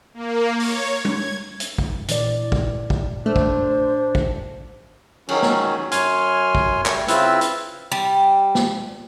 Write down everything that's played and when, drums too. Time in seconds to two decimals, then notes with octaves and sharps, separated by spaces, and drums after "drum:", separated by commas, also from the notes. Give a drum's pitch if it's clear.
0.14 A#3
0.60 C#5, drum: open hi-hat
1.05 G#6, drum: tom G3
1.60 drum: hi-hat
1.78 drum: kick
2.08 A#2 E3 D5, drum: hi-hat
2.52 drum: kick
2.90 drum: kick
3.26 A3 D4 C5
3.36 drum: kick
4.15 drum: kick
5.28 D#3 F#3 C#4, drum: cymbal
5.42 drum: snare
5.91 F#2 C#5 G#5 C6 F6, drum: hi-hat
6.55 drum: kick
6.86 G3 A3, drum: clap
7.08 C#3 C4 E4 F4 B4 E6, drum: hi-hat
7.41 drum: hi-hat
7.92 G3
8.55 drum: snare